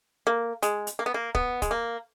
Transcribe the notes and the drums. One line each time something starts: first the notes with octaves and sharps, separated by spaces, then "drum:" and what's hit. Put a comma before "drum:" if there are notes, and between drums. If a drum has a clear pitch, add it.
A#3
G#3, drum: hi-hat
drum: hi-hat
A#3
B3
A#3
B3, drum: kick
G#3, drum: kick, hi-hat
A#3